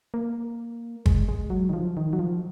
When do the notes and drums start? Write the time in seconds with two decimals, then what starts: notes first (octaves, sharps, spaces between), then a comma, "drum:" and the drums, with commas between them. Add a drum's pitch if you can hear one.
0.14 A#3
1.06 G#3, drum: kick
1.28 G#3
1.50 F#3
1.69 D#3
1.73 F3
1.97 D#3
2.13 F#3
2.19 F3